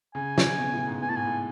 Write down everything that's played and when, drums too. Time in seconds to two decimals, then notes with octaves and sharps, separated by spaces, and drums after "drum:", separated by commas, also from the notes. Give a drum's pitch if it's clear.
0.15 C#3 G#5
0.38 drum: snare
0.58 B2
0.72 A2
0.87 G#2
1.02 B2 G#5
1.09 A2 A5
1.16 G#2 G#5
1.24 A2